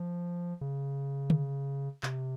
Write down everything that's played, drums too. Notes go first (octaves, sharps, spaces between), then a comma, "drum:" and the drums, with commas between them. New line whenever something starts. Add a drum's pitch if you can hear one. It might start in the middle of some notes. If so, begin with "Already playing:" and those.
Already playing: F3
C#3
drum: tom
C3, drum: clap